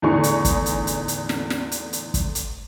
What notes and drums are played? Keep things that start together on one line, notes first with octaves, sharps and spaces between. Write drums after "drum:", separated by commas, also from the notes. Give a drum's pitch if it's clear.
E2 A2 D3 D#4 G#4 C#6
drum: hi-hat
drum: kick, hi-hat
drum: hi-hat
drum: hi-hat
drum: hi-hat
drum: snare
drum: snare
drum: hi-hat
drum: hi-hat
drum: kick, hi-hat
drum: hi-hat